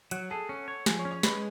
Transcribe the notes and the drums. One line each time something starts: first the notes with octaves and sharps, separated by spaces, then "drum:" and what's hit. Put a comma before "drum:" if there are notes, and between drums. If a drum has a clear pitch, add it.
F#3 F#5 F#6, drum: hi-hat
G#4 A4 A5
C#4
C#5
F3 G#4 G#5, drum: snare
C#5 C#6
C#4
C#5 C#6
G#3 B4 B5, drum: snare